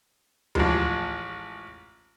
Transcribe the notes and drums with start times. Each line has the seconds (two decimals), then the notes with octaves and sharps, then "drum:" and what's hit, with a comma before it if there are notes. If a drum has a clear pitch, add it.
0.55 A1 F3 G#3, drum: tom D2